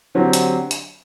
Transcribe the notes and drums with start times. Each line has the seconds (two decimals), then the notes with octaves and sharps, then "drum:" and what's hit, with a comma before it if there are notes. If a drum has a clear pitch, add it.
0.15 D3 F#3 C4 G4
0.33 drum: hi-hat
0.71 drum: hi-hat